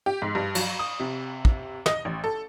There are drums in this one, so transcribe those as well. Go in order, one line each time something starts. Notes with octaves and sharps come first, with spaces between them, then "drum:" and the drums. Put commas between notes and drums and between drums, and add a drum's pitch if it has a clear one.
G4
G#2
G2
F#3, drum: cymbal
D#6
C3
drum: kick
D#5, drum: snare
A1
A4